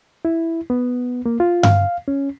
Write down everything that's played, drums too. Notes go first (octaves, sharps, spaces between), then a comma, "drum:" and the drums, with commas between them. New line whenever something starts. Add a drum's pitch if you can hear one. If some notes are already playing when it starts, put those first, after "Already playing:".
E4
B3
A#3
F4
F5, drum: tom G2
C#4